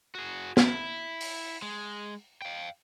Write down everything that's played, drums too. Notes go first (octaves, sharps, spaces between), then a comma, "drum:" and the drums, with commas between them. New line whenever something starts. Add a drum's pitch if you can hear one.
F#4 G#4
E4, drum: snare
drum: open hi-hat
G#3
F5 G5